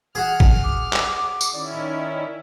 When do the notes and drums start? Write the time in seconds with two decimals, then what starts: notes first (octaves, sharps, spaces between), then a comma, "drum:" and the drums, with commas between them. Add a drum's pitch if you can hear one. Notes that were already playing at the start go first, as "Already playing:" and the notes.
0.15 F#4 G#4 F#5 F6
0.40 drum: kick
0.64 D6
0.93 drum: clap
1.41 drum: tambourine
1.53 D#3 C#4 E4 D5